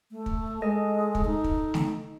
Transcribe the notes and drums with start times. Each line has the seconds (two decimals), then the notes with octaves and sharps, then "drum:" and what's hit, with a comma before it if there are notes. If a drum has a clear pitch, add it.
0.11 A3
0.26 drum: kick
0.62 G#3 A4 D#5
1.15 drum: kick
1.26 D#4
1.44 drum: kick
1.74 drum: snare A3